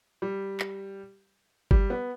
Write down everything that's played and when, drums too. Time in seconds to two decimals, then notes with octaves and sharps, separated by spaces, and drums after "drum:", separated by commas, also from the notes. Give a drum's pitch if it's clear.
0.22 G3
0.60 drum: clap
1.71 G3, drum: kick G1
1.90 B3